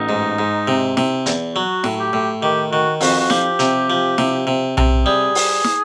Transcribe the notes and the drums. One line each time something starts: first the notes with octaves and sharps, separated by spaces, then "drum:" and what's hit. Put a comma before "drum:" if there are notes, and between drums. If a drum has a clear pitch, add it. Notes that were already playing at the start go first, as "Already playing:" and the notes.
Already playing: A1 D#4
G#2
G#2
C3
C3, drum: snare
E2, drum: hi-hat
F#3 F#4
A2, drum: snare
G4
A2
D#3 G4
D#3 F#4
F2 F#4, drum: open hi-hat
F#4
F3 G4, drum: snare
C3, drum: hi-hat
F3
C3, drum: snare
C3
C3, drum: tom B1
G3 G#4
drum: open hi-hat
drum: snare